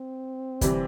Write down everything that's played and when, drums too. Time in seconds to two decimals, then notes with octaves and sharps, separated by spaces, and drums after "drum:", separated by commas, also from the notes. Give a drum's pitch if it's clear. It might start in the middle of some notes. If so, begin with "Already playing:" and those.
Already playing: C4
0.61 C3 E3 G3, drum: kick, hi-hat